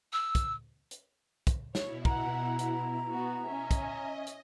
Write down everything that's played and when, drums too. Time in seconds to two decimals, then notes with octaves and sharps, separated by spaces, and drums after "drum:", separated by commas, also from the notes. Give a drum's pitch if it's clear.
0.13 E6
0.35 drum: kick, hi-hat
0.91 drum: hi-hat
1.47 drum: kick, hi-hat
1.75 B2 E4 C#5, drum: snare
2.05 F#5 A#5, drum: kick
2.59 drum: hi-hat
3.09 B3 F#4
3.46 C#4 D#5 E5 G#5
3.71 drum: kick, hi-hat
4.27 drum: hi-hat